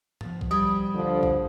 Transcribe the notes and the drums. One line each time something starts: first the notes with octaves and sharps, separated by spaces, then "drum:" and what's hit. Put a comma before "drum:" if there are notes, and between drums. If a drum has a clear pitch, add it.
F3 B3 A6, drum: tom G#2
drum: kick A#1
G3 B5 D#6 G#6 D7
D2 D3 F3 B3
drum: kick A#1